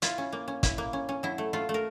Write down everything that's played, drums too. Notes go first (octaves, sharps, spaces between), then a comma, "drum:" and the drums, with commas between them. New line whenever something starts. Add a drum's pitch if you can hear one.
E4 F4, drum: hi-hat
C#4
A#3
C#4
E4, drum: kick, hi-hat
A#3
C#4
C#4
F#3 E4
A3
A3 F4
A3
A#4